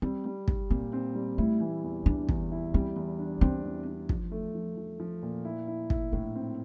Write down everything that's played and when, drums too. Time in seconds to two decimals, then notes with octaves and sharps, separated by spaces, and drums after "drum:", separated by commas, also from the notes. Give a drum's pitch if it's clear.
0.02 G3 C4
0.25 G3
0.48 G3, drum: kick
0.70 A#2 C4
0.93 C4
1.15 G3
1.38 A3 E4
1.61 E3
1.84 E2
2.06 D4 E4
2.29 E2, drum: kick
2.52 E4
2.74 G3 C4
2.96 E2
3.19 D4
3.41 C4 D4
3.64 E2
3.87 D4
4.09 F3, drum: kick
4.32 A3
4.55 F3
4.77 F3
5.00 F3
5.23 A#2
5.45 E4
5.68 E4
5.90 E4, drum: kick
6.12 A2 D4
6.35 C4